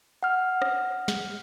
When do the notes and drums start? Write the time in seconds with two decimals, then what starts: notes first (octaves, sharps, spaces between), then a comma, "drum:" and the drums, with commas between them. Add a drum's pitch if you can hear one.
0.23 F#5 F6
0.62 drum: rim click
1.08 drum: snare